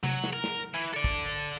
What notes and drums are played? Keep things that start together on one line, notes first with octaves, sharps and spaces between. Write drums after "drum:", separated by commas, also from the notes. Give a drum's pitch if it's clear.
F#3, drum: tom C3
drum: snare
A#4
drum: snare
E3
drum: hi-hat
A4 D5
drum: kick
drum: open hi-hat